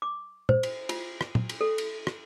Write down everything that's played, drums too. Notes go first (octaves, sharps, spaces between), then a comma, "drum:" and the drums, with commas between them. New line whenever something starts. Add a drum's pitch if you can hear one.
D6
C5, drum: tom
drum: cymbal
F4, drum: cymbal
drum: rim click
drum: tom
drum: cymbal
A4
drum: cymbal
drum: rim click